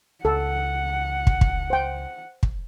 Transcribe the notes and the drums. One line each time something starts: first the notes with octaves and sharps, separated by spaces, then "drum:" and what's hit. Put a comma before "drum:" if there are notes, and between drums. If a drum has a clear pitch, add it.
C#2 A4 F#5
drum: kick
drum: kick
C5 G5
drum: kick